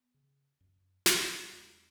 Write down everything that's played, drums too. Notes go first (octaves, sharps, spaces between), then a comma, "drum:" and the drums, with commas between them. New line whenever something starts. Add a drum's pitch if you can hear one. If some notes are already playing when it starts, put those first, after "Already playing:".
Already playing: B3
C#3
F#2
C#3, drum: snare
E2 G#3